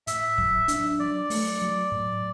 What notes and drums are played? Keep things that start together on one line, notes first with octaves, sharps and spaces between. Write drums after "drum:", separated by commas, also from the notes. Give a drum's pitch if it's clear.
A2 E5, drum: hi-hat
F#3, drum: kick
D4, drum: hi-hat
F#3 D5
A3, drum: open hi-hat
F#3
A2